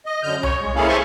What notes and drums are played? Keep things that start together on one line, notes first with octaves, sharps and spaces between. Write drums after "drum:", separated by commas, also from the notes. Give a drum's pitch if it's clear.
D#5
F#2 D3 F6 G6
C#5, drum: tom C2
G#3
A#3 C#4 E4 G#4 A4 F5
C5 E5 G#5 A5 C6 C#6